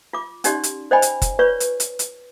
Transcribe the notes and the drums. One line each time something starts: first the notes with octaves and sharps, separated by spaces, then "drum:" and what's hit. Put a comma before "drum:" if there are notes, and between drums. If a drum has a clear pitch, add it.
F4 D6
C#4 D#4 G4 D5 C6, drum: hi-hat
drum: hi-hat
C5 D5 D#5 G5 G#5 B5
drum: hi-hat
drum: kick, hi-hat
F4 B4 C#5 D5 C#6
drum: hi-hat
drum: hi-hat
drum: hi-hat